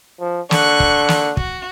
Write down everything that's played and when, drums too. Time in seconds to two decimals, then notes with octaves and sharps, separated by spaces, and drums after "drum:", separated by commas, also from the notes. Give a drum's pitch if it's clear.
0.20 F3
0.51 D3 C#6 F#6, drum: snare
0.80 drum: kick
1.09 drum: snare
1.37 F#4, drum: kick